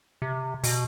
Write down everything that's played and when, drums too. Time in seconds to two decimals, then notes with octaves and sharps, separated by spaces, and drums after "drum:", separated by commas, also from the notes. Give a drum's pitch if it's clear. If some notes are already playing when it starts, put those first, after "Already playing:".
0.22 C3
0.64 B2, drum: open hi-hat